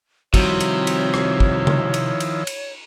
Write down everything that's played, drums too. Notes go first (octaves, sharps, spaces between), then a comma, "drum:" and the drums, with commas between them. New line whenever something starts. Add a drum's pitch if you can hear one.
C3 D#3 F3 G3 C4 E4 F#4 C#5, drum: kick, cymbal
drum: cymbal
drum: cymbal
drum: rim click
drum: kick
drum: tom C#3
drum: cymbal
drum: cymbal
drum: cymbal